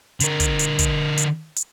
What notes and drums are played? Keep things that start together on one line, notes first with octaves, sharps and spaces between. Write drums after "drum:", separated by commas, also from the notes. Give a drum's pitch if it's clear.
D3 A#4, drum: hi-hat
drum: kick, hi-hat
drum: hi-hat
drum: kick, hi-hat
drum: hi-hat
drum: hi-hat